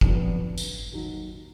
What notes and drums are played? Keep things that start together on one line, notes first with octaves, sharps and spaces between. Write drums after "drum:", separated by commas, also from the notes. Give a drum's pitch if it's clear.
F1 F2 D3 F#3 B3, drum: kick
drum: tambourine
D#2 D#3 F#3